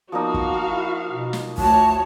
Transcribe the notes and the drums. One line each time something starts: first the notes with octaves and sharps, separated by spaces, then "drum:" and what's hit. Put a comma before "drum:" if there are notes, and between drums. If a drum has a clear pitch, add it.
F3 A#3 B3 D#4 F#4 F5
drum: kick
E4
B2
drum: snare
D2 F#4 C#5 A5, drum: kick